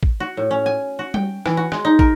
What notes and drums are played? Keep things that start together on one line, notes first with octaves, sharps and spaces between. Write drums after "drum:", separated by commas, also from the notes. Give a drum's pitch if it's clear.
drum: kick
F#4
A2
C#4
G#5
F#4
G5, drum: tom G3
E3, drum: rim click
F#4
G#3, drum: rim click
D#4
A#4, drum: kick